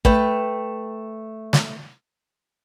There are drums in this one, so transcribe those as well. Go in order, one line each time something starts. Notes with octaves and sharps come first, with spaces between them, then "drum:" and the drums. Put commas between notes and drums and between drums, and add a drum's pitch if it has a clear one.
A3 B4 G5, drum: kick
drum: snare